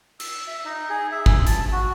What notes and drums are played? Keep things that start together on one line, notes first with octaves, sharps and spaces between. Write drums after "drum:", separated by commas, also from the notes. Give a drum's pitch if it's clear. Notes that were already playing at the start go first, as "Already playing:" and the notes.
E6, drum: cymbal
E5
D#4
G#4
E5
drum: kick
A5, drum: hi-hat
F#4